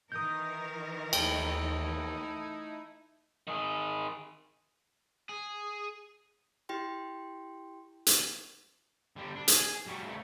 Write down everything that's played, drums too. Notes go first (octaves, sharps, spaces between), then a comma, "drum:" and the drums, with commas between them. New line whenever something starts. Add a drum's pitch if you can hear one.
D#3 E3 A#4 D#6 G6
D#2 A3 D#4 E4 G5, drum: cymbal
D#3 G#4
G#4
E4 G4 G5 C6
drum: hi-hat
D3 G3
D4
G#4, drum: hi-hat
G3 F#4
C#3 A3